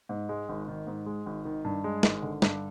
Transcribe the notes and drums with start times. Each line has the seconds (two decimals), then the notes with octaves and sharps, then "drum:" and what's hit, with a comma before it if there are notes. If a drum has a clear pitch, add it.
0.09 G#2
0.29 G#3
0.49 G#1
0.68 D#3
0.87 G#2
1.06 G#3
1.26 G#1
1.45 D#3
1.65 G2
1.84 G#3
2.03 G#1, drum: snare
2.22 D3
2.42 G2, drum: snare